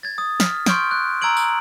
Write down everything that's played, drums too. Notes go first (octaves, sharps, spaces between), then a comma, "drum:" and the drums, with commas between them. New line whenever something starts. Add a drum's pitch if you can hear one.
G#6 A6
D#6
F6 B6, drum: snare
C6 C#6 F6 G6 G#6 D7, drum: snare
F#6
A#5 E6 G#6 D7 F#7
drum: tambourine